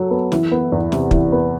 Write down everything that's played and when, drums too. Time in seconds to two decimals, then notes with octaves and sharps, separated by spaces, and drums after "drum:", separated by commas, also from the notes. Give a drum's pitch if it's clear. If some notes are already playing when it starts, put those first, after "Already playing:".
Already playing: F#3 A4
0.11 B3
0.32 E3, drum: snare
0.51 B3
0.72 E2
0.92 C3, drum: snare
1.11 E3, drum: kick
1.32 B3